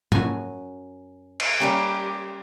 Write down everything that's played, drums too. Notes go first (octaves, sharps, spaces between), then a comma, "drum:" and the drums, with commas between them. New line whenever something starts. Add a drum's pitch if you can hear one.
F#2 F#4 G#5, drum: tom G#2
drum: cymbal
G3 A#3 C#4 G4